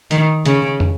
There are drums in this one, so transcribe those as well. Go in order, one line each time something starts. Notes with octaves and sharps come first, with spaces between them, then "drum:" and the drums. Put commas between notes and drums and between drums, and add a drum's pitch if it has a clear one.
D#3, drum: hi-hat
C#3, drum: hi-hat
drum: tom